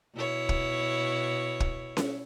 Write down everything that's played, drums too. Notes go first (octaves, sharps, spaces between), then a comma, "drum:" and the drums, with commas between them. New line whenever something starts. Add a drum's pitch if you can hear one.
B2 E4 C#5
drum: kick
drum: kick
drum: snare C#4